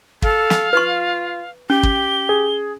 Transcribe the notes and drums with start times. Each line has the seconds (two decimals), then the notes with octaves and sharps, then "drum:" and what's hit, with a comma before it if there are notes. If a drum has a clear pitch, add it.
0.22 A4 F5, drum: kick
0.50 drum: snare
0.73 F4 B4 C#6
1.70 C#4 G4 G7
1.83 drum: kick
2.29 G#4